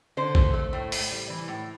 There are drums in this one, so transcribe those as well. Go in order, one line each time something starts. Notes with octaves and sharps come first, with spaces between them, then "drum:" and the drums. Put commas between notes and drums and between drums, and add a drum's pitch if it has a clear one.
D3 C5
A3, drum: kick
A3
A2
A2, drum: open hi-hat
G3
E3
A2